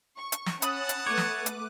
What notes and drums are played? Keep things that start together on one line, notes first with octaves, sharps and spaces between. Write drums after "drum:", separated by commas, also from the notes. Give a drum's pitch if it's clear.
C#6
drum: hi-hat
drum: snare
C#4 F#5 A5 B5 D#6 F#7, drum: hi-hat
drum: hi-hat
A3 B3 C#5 D6 F#6 D#7
drum: snare
drum: hi-hat